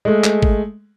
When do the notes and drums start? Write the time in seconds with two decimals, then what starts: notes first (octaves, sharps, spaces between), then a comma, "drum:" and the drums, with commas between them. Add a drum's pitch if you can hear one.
0.05 G#3 A3
0.24 drum: clap
0.43 drum: kick